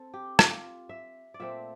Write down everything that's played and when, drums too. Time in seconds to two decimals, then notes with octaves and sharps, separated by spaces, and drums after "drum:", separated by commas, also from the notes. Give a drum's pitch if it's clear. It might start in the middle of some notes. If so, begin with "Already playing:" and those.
Already playing: C4 A4
0.14 G4
0.39 F4, drum: rim click
0.89 E5
1.34 D5
1.40 A#2 A3 C4 E5